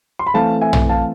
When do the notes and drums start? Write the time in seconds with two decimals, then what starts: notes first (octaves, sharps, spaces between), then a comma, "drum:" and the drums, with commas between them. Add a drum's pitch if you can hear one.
0.19 C6
0.27 B5
0.34 E3 A3 C4 F5 A5
0.61 E5 G#5
0.73 drum: tom
0.89 F5 A5